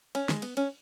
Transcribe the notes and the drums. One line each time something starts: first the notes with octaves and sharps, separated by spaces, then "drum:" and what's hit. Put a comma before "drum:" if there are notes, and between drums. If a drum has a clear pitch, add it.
C#4, drum: cymbal
G#3, drum: snare
B3, drum: cymbal
C#4, drum: cymbal